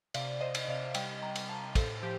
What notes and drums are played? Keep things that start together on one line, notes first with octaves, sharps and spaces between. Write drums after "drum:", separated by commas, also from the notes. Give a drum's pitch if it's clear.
C3 D5 F5, drum: cymbal
C3 C5 D#5
drum: cymbal
C3 D5 F5
G3 D#5 G5, drum: cymbal
G3 G5 A#5
drum: cymbal
G3 F5 A5
A2 A4 C5, drum: kick, cymbal
F3 G4